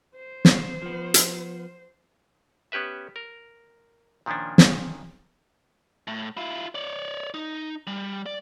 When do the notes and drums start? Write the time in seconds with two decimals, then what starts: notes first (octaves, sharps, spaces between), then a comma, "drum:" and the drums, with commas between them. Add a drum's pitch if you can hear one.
0.17 C5
0.45 drum: snare
0.82 F3 B3
1.14 drum: hi-hat
2.72 B3 C#4 G4 B4 E5
3.16 A#4
4.26 A#2 D#3 F3 C#4 D4
4.58 drum: snare
6.08 A2
6.37 E4 F4
6.75 C#5 D5
7.34 D#4
7.87 G3
8.26 D5